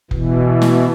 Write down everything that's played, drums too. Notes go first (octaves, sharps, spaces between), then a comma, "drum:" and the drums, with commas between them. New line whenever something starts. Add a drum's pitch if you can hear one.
B2 E3, drum: kick F1
drum: snare